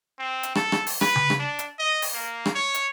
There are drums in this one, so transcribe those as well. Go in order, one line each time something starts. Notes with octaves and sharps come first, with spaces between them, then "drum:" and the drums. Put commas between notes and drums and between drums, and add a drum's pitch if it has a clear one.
C4
drum: hi-hat
A4, drum: rim click
drum: rim click
drum: open hi-hat
B4, drum: rim click
drum: tom C#3
drum: rim click
D4
drum: hi-hat
D#5
drum: open hi-hat
A#3
drum: rim click
C#5
drum: hi-hat